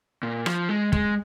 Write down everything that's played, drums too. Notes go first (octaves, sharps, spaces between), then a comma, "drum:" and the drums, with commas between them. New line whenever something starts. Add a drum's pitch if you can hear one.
A#2
F3, drum: rim click
G#3
G#3, drum: kick